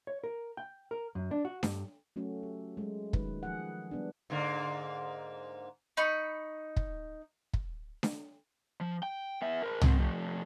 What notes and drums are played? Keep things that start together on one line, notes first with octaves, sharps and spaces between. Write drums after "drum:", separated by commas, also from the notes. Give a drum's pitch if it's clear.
C#5
A#4
G5
A#4
F#2
D4
F#4
G2, drum: snare D4
F#3 A3 C#4 F#4
G4
F#3 G#3
D#3 G#3 B4, drum: kick
F3 G#4 F#5
G3 B3 D4
G#2 D3 A#3
D#4 B5 C#6
drum: kick
drum: kick
drum: snare D4
F3
G5
B3 E5
A#4 C5
G#3 C4, drum: tom
F3 A3